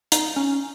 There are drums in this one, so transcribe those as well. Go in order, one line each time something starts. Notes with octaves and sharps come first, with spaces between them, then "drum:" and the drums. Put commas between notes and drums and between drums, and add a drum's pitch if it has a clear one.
D#4, drum: hi-hat
C#4